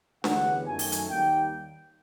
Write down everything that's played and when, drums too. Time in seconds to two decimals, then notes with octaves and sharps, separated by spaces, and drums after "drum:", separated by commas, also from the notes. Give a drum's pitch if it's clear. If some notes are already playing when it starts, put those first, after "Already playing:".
0.24 D2 C#3 E3 G3 B3 F#5, drum: snare D4
0.67 F#2 D#3 F#3 A3 G#5
0.79 drum: open hi-hat
0.92 drum: hi-hat
1.09 D#2 D#3 G3 A#3 G5